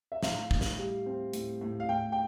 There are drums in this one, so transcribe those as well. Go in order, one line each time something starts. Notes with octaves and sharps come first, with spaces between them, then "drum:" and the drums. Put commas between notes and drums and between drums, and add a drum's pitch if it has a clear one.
E5
A2 F5, drum: snare
A2, drum: kick
drum: snare
G3
C4
A2, drum: hi-hat
A2
F5
A2 G5
G5